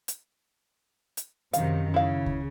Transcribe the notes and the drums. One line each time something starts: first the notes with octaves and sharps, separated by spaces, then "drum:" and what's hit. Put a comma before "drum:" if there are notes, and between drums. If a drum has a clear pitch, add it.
drum: hi-hat
drum: hi-hat
F#2 C3 D#3 F5, drum: hi-hat
C#3 E4 F5
drum: kick C#2